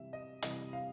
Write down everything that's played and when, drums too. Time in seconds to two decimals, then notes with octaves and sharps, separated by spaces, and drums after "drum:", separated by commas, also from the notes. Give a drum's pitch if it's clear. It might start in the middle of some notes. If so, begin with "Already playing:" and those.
Already playing: C3 E3 G3 E5
0.13 D#5
0.42 C3 E3 G3 D#5, drum: hi-hat
0.73 F5